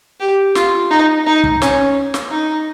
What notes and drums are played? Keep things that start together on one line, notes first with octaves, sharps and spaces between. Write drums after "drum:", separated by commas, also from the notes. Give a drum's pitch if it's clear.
G4
F4, drum: snare
D#4
D#4
drum: kick
C#4, drum: snare
drum: snare
D#4